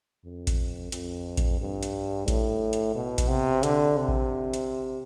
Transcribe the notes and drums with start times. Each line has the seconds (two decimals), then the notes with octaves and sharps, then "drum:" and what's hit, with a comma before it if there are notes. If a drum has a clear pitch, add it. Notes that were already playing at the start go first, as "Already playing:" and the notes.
0.25 F2
0.47 drum: kick A1, hi-hat
0.92 F2, drum: hi-hat
1.37 drum: kick A1, hi-hat
1.60 G2
1.83 drum: hi-hat
2.28 A2, drum: kick A1, hi-hat
2.73 drum: hi-hat
2.95 B2
3.18 drum: kick A1, hi-hat
3.29 C3
3.63 D3, drum: hi-hat
3.97 C3
4.08 drum: kick A1
4.54 drum: hi-hat